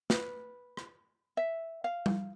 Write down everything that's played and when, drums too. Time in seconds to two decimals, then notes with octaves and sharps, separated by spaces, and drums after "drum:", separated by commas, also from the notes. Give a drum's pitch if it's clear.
0.10 B4, drum: snare
0.77 drum: rim click
1.37 E5
1.84 F5
2.06 drum: tom G3